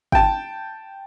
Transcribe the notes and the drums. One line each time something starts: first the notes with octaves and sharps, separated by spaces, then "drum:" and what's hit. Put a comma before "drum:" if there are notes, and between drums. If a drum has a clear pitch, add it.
G5 A5, drum: kick G1